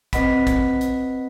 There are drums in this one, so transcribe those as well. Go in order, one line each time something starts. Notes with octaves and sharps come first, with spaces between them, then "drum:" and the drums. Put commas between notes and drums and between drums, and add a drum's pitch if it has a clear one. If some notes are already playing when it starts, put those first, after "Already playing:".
C4 B4 D#5 F#5 B5 B6, drum: kick, hi-hat
drum: kick, hi-hat
drum: hi-hat